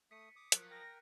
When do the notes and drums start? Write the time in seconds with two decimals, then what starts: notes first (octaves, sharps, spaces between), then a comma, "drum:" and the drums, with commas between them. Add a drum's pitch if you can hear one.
0.11 A3 D#6 B6 C#7 D#7
0.36 D6 D#6
0.52 F3 F#3 A#3 F#6, drum: hi-hat
0.71 A#4 G5 A#6